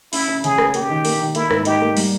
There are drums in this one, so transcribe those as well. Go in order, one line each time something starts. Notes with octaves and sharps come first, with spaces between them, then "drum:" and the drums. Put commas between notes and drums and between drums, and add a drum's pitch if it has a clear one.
C#4 E4, drum: open hi-hat
C#4
C#3 G#4, drum: hi-hat
C#4, drum: rim click
A#3 G4, drum: hi-hat
D#3
A#3, drum: open hi-hat
D#3
A#3 E4, drum: hi-hat
G#2, drum: rim click
D#4 G4, drum: hi-hat
A#3
G3, drum: open hi-hat